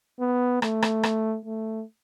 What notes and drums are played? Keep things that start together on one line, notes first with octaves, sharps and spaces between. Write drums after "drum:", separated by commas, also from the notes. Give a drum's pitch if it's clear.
B3
A3, drum: rim click
drum: rim click
drum: rim click
A3